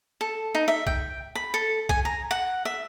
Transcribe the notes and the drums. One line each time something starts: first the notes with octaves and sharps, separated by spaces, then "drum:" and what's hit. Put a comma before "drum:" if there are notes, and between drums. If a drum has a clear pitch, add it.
A4
D#4
E5
G5, drum: kick
B5
A4
G#5, drum: kick
A#5
F#5
E5